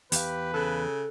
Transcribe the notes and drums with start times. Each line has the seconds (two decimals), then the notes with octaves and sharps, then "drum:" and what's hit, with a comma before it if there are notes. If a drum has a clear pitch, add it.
0.12 E2 G4 B4 F5, drum: hi-hat
0.54 C#3 A4 E6 F#6